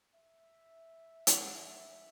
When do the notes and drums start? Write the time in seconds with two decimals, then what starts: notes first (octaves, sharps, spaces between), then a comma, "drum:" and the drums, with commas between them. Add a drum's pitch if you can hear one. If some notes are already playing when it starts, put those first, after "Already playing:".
0.14 E5
1.27 F#5, drum: hi-hat
1.56 E5